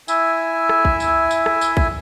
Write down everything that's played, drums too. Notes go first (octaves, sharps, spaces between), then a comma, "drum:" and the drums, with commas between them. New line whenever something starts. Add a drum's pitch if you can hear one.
E4 E5 G#5, drum: tambourine
drum: rim click
drum: kick
drum: tambourine
drum: tambourine
drum: rim click
drum: tambourine
drum: kick